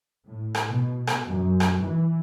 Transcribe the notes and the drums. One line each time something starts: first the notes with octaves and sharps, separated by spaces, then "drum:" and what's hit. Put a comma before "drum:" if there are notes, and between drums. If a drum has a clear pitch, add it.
A2
drum: rim click
B2
drum: rim click
F#2
drum: rim click
E3